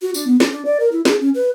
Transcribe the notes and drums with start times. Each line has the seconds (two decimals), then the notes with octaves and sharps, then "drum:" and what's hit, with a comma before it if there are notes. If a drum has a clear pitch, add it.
0.02 F#4
0.14 D4, drum: tambourine
0.27 B3
0.40 D4, drum: snare
0.52 D4
0.65 D5
0.80 A#4
0.92 E4
1.05 G#4, drum: snare
1.20 C#4
1.34 B4